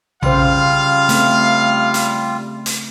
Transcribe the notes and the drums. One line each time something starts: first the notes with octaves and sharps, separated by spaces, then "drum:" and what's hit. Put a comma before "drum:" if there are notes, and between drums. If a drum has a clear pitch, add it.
C#3 G3 F4 C5 F5, drum: tom A#1
A3 C4, drum: hi-hat
drum: hi-hat
drum: hi-hat